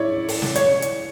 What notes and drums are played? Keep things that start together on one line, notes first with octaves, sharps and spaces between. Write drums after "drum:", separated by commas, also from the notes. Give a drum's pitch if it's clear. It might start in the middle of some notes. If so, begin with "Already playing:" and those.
Already playing: E4 C#5 D5
drum: open hi-hat
drum: snare
C#5, drum: hi-hat
drum: hi-hat